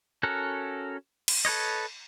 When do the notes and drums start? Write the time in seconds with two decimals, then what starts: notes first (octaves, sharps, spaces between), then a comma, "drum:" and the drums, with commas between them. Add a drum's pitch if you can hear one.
0.23 C#4 F#4 A4 A#4 F#5
1.28 drum: cymbal
1.45 A4 B4 C#5 D#5